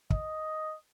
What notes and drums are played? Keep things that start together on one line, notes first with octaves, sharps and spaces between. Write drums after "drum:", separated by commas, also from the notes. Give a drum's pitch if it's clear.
D#5, drum: kick